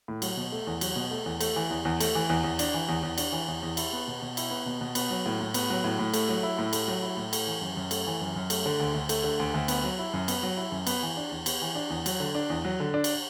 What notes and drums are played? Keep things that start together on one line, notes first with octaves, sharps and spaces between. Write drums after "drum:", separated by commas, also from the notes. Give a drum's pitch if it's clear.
A2
F#3, drum: cymbal
B2
A3
E2
F#3, drum: cymbal
B2
A3
E2
A3, drum: cymbal
E3
E2
E2
A3, drum: cymbal
E3
E2
E2
D4, drum: cymbal
E3
E2
E2
D4, drum: cymbal
E3
E2
E2
E4, drum: cymbal
B3
B2
B2
E4, drum: cymbal
B3
B2
B2
B3, drum: cymbal
F#3
A2
A2
B3, drum: cymbal
F#3
A2
A2
A3, drum: cymbal
F#3
E4
A2
A3, drum: cymbal
F#3
E4
A2
A3, drum: cymbal
E3
F#2
F#2
A3, drum: cymbal
E3
F#2
F#2
A3, drum: cymbal
D3
D2
D2
A3, drum: cymbal
D3
D2
D2
B3, drum: cymbal
F#3
E4
F#2
B3, drum: cymbal
F#3
E4
F#2
B3, drum: cymbal
E3
D4
E2
B3, drum: cymbal
E3
D4
E2
F#3, drum: cymbal
D3
D4
E2
F#3
D3
D4
drum: cymbal